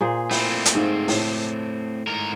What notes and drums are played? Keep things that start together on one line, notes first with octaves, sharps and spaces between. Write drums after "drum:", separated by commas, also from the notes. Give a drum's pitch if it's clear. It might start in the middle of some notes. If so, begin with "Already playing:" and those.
A#2 G#4 C5
A3 C4 E4, drum: open hi-hat
drum: hi-hat
G#2 F5
A2, drum: open hi-hat
G#2 A#4 A#5